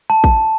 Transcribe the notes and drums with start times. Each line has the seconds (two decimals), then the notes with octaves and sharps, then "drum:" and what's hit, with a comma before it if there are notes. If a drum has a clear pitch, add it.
0.10 A5
0.24 drum: kick A1, tambourine